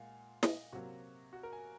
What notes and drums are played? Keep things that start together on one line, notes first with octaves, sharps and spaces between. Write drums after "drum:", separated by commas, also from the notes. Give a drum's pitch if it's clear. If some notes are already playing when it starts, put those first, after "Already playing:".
Already playing: A#2 G#3 F5 F#5 G#5
D#5, drum: snare
C3 F#3 A#3 F#4
F#4
A#4
G#5